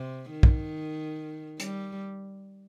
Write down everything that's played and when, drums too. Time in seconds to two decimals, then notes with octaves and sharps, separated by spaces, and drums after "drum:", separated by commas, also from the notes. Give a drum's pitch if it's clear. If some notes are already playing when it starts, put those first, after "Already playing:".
Already playing: C3
0.31 D#3
0.43 drum: kick
1.60 G3, drum: hi-hat